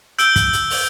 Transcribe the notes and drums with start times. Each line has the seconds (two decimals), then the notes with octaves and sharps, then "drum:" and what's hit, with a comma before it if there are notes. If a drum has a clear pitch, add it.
0.19 E6 G6 D7 G7, drum: hi-hat
0.36 drum: kick, hi-hat
0.53 drum: hi-hat
0.70 drum: open hi-hat